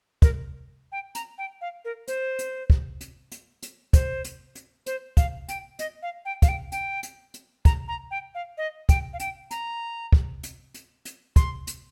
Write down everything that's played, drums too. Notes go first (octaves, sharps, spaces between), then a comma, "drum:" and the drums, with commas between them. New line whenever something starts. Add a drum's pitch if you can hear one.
A#4, drum: kick, hi-hat
G5
A#5, drum: hi-hat
G5
F5
A#4
C5, drum: hi-hat
drum: hi-hat
drum: kick
drum: hi-hat
drum: hi-hat
drum: hi-hat
C5, drum: kick, hi-hat
drum: hi-hat
drum: hi-hat
C5, drum: hi-hat
F5, drum: kick, hi-hat
G5, drum: hi-hat
D#5, drum: hi-hat
F5
G5
F5, drum: kick, hi-hat
G5
G5, drum: hi-hat
drum: hi-hat
drum: hi-hat
A#5, drum: kick, hi-hat
A#5
G5
F5
D#5
G5, drum: kick, hi-hat
F5
G5, drum: hi-hat
A#5, drum: hi-hat
drum: kick
drum: hi-hat
drum: hi-hat
drum: hi-hat
C6, drum: kick, hi-hat
drum: hi-hat